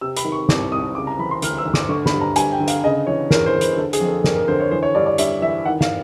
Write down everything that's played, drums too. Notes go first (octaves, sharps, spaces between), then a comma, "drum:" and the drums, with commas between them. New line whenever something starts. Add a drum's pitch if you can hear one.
C3 E6
B5, drum: hi-hat
D#3
C#6
C2 D6, drum: snare
C2 D#6
C#3 D6
A#5
E3 B5
C6
D2 F6, drum: hi-hat
E6
D2
D6, drum: snare
D3 C#6
B5, drum: snare
G2
A#5
G2 G#5, drum: hi-hat
G5
D3
F5, drum: hi-hat
C#3 D#5
E3 C#5
E2 A#4, drum: snare
C5
E2
B4, drum: hi-hat
D3 A4
G#4, drum: hi-hat
F2
A4
F2 A#4, drum: snare
A#4
D3 C5
C#5
E3 C5
C#5
G2 D5
D5
G2 E5, drum: hi-hat
E3 E5
D#3 F#5
F5, drum: snare